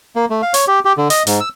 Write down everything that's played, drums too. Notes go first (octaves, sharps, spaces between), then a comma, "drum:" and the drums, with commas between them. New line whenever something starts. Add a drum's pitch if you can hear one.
A#3
A3
F5
C#5, drum: hi-hat
G4
G4
D3
D#5, drum: hi-hat
G#2, drum: hi-hat
E6